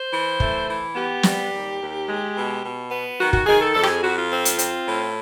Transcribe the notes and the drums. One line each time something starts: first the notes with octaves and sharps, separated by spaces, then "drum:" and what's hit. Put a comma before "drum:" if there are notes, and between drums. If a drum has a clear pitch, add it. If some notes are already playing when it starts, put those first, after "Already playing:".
Already playing: C5
E3
A3, drum: kick
E3
B3 G4
G3, drum: snare
D#2
D#2
G#3
B2
B2
B3
D#3 F#4
F#4, drum: kick
D#3 G#4
A4
F2 A4
G4, drum: rim click
G#4
F2 F#4
F4
C4
drum: hi-hat
C4, drum: hi-hat
A2